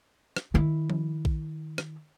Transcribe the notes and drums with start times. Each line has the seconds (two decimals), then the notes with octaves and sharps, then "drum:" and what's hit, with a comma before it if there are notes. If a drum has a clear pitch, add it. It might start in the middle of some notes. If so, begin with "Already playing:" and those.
0.36 drum: rim click
0.54 D#3 E4
0.90 drum: tom F3
1.25 drum: kick A#1
1.78 drum: rim click